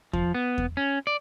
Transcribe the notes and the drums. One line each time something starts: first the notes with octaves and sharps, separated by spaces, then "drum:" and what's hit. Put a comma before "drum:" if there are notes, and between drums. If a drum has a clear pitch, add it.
F3, drum: kick E2
B3
drum: kick E2
C#4
D5